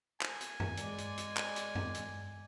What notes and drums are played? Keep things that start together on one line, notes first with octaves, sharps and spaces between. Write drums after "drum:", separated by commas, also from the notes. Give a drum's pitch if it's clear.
G#5, drum: clap
drum: hi-hat
drum: tom G2
G#3 D5, drum: hi-hat
drum: hi-hat
drum: hi-hat
drum: clap
drum: hi-hat
drum: tom G2
drum: hi-hat